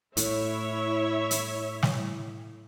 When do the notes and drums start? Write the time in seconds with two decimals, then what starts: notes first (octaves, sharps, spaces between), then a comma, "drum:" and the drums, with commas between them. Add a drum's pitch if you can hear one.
0.17 A2 E4 C#5 E5, drum: hi-hat
1.31 drum: hi-hat
1.83 drum: snare